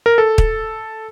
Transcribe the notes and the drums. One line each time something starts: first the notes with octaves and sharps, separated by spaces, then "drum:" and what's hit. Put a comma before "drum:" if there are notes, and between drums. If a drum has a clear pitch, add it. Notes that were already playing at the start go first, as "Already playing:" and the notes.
A#4
A4
drum: kick